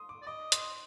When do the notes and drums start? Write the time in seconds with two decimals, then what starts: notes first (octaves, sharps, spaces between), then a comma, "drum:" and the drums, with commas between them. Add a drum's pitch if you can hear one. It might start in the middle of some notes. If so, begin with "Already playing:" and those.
Already playing: C6 D#6
0.09 D6
0.22 D5
0.27 D#5 D6
0.52 C6, drum: hi-hat